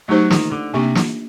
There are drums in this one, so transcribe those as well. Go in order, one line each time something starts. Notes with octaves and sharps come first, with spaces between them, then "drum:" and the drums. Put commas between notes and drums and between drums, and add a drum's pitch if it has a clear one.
F#3 A3 D#4 G4 C5
D#3, drum: snare
D3
C3 A#3 D4 G4
drum: snare